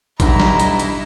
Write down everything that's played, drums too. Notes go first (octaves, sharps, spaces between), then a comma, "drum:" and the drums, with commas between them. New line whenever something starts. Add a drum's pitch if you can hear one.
B1 G2 E4 D#5 A#5, drum: kick A1, hi-hat
drum: snare
drum: hi-hat
drum: hi-hat